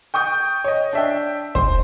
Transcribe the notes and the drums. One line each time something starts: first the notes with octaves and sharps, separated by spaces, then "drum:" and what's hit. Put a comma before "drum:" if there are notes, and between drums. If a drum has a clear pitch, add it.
G5 C#6 D#6 G6
C#5 D#5
D4 E5 G5
C5, drum: kick